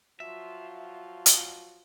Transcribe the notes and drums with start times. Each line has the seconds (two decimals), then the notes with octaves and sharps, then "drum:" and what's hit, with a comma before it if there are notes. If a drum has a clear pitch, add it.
0.20 F3 F#3 F4 E5
1.26 drum: hi-hat